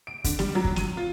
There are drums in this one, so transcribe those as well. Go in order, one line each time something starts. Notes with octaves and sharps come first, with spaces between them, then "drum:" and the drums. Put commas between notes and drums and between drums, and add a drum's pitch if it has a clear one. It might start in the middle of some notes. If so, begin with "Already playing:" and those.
D7
D3, drum: kick, hi-hat
G3, drum: snare
F#3
drum: kick
D#7, drum: snare
F4